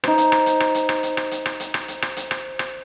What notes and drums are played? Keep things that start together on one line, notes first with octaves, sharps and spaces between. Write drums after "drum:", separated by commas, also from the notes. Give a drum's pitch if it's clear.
D#4 C5, drum: rim click
drum: hi-hat
drum: rim click
drum: hi-hat
drum: rim click
drum: hi-hat
drum: rim click
drum: hi-hat
drum: rim click
drum: hi-hat
drum: rim click
drum: hi-hat
drum: rim click
drum: hi-hat
drum: rim click
drum: hi-hat
drum: rim click
drum: rim click